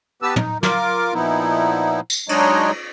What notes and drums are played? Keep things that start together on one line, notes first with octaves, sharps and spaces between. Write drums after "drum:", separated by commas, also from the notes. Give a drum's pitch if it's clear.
B3 G4 B4 A5 E6
D#4, drum: tom
F4 A#4 D6, drum: snare
A#2 F3 B3 D#4 E4
drum: tambourine
F#3 G#3 D4 D#4 C#5 D#5, drum: cymbal